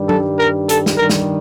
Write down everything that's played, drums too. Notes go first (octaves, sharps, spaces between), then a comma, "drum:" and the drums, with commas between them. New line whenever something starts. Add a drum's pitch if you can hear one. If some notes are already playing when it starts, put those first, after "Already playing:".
Already playing: G2 D#3 G3
A4, drum: tom F#3
A#4
A4, drum: hi-hat
drum: snare
G2 D#3 G3 A#4
drum: snare